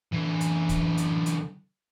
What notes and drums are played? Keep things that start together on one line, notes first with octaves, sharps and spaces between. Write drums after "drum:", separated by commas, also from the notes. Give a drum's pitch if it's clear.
D3 E3
drum: hi-hat
drum: kick, hi-hat
drum: hi-hat
drum: hi-hat